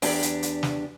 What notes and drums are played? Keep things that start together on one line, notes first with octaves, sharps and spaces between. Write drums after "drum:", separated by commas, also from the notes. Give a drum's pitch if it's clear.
E2 D4 G4, drum: open hi-hat
drum: hi-hat
drum: hi-hat
drum: snare